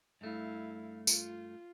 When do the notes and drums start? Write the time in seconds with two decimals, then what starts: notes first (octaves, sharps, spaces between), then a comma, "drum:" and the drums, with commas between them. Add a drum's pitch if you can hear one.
0.21 G2 A3 E4 F5
1.07 F4, drum: tambourine